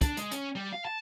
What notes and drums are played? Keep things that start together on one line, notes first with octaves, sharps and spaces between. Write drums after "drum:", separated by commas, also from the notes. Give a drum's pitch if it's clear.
D4, drum: kick, hi-hat
G#3, drum: hi-hat
C#4, drum: hi-hat
G3
F5
A5